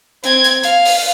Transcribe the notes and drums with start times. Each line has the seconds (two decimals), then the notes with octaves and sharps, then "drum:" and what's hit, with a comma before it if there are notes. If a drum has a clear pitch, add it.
0.24 C4 G#6, drum: hi-hat
0.44 drum: hi-hat
0.63 F5, drum: hi-hat
0.85 drum: open hi-hat